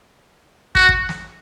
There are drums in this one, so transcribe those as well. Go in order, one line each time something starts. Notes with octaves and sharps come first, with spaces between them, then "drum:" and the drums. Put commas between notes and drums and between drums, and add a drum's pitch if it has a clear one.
F#4, drum: kick
drum: kick
drum: snare